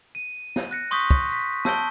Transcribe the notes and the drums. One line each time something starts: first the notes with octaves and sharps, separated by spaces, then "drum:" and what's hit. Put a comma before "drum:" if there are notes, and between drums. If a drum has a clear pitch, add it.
D#7
drum: snare
F#6 A#6 C#7
C6 C#6 D#6 G6 B6, drum: open hi-hat
drum: kick
B6
A5 E6 G6 D7 G7, drum: snare